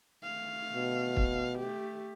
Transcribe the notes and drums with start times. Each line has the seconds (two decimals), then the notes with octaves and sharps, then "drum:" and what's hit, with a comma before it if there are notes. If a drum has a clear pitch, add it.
0.23 A3 F5
0.74 B2
1.16 drum: kick
1.59 A3 G4